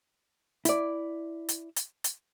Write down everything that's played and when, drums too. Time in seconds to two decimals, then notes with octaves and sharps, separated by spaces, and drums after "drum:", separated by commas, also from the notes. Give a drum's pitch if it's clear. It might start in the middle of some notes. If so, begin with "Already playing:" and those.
0.65 E4 D5, drum: hi-hat
1.49 drum: hi-hat
1.76 drum: hi-hat
2.04 drum: hi-hat